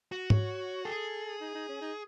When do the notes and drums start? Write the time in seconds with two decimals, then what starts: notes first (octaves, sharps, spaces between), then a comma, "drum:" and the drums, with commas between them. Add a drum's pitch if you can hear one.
0.12 F#4
0.30 C#5, drum: tom
0.85 G#4 A4
1.41 D#4
1.54 D#4
1.69 C#4
1.81 D#4